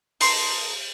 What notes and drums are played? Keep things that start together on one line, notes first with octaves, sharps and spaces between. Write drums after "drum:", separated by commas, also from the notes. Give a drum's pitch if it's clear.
D#4 A#4 A5 C6, drum: open hi-hat